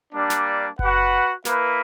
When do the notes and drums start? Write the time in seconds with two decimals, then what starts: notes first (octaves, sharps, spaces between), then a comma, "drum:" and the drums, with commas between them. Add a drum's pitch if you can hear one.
0.13 G3 A#3 D4
0.30 drum: snare
0.79 F#4 B4 F#5, drum: kick F#1
1.45 A#3 E4 B4, drum: snare